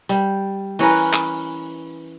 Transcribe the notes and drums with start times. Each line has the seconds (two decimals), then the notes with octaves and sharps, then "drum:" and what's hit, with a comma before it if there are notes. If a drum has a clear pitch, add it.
0.09 G3, drum: hi-hat
0.79 E3 C#4 A#4 B4, drum: open hi-hat
1.13 drum: clap